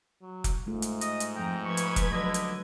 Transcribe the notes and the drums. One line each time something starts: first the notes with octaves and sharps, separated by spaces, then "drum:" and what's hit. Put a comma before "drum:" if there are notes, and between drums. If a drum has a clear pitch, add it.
F#3
drum: kick F1, hi-hat
G#2 G#3 A3 F4
drum: hi-hat
D#5, drum: hi-hat
drum: hi-hat
F2 G5 A#5
F3 B4 C#6 G#6
drum: hi-hat
drum: kick F1, hi-hat
D3 F#3 G#3 D5 D#5
drum: hi-hat